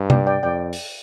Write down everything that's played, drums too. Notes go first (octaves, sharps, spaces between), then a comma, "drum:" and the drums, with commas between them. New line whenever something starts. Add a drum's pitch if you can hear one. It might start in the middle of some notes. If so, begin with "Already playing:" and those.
Already playing: G2
D5 G5, drum: tom C3
D5 G5
F2 D5 G5
drum: open hi-hat